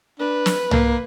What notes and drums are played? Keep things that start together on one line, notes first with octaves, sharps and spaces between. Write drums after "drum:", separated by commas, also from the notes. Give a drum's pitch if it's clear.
D4 B4
drum: snare
A#3, drum: tom